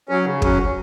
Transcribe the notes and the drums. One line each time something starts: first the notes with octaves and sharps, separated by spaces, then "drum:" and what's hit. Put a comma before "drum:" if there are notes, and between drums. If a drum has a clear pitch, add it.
F#3 C#4
C#3
F#3 C#4, drum: kick